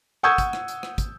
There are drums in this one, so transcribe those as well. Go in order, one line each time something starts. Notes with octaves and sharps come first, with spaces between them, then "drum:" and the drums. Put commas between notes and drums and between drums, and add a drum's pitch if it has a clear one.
F#5 C#6 D#6 E6 G6 G#6
drum: kick, hi-hat
drum: rim click
drum: hi-hat
drum: rim click
drum: kick, hi-hat